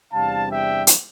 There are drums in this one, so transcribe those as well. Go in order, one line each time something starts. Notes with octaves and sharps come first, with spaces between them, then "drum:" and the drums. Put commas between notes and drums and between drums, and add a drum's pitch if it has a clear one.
E2 C3 G3 D4 F5 A5
E5 G5
drum: hi-hat